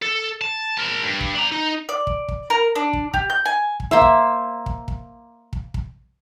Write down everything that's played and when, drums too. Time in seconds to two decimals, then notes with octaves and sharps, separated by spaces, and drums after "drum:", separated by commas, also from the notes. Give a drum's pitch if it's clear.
0.02 A4
0.42 A5
0.78 A#4 A5
1.04 G2
1.20 drum: kick
1.35 D4 A#5
1.52 D#4
1.89 D5
2.07 drum: kick
2.28 drum: kick
2.50 A#4
2.76 D4
2.93 drum: kick
3.14 G4, drum: kick
3.30 G6
3.45 G#5
3.80 drum: kick
3.91 A#3 C5 E5
4.01 drum: kick
4.66 drum: kick
4.88 drum: kick
5.53 drum: kick
5.74 drum: kick